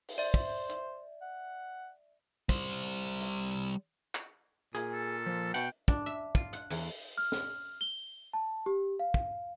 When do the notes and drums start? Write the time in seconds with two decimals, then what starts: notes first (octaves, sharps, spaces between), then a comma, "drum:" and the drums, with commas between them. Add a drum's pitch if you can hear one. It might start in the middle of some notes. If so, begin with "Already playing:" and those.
0.08 drum: open hi-hat
0.18 C5 D5 E5
0.34 drum: kick
0.69 drum: hi-hat
1.22 F#5
2.49 G3 C5, drum: kick
3.20 drum: hi-hat
4.15 drum: clap
4.75 A#2 G#4, drum: hi-hat
4.94 A4
5.26 F3
5.54 B2 F#5 G5, drum: hi-hat
5.88 D4, drum: kick
6.06 E5
6.35 F4, drum: kick
6.53 F#5, drum: hi-hat
6.70 E2, drum: open hi-hat
7.18 F6
7.32 drum: snare
7.81 G7
8.33 A5
8.66 G4
8.99 F5
9.14 drum: kick